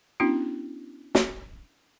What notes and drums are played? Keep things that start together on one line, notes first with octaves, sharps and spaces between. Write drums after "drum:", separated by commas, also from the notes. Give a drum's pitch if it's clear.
B3 C#4 D4 E4 F#4
drum: snare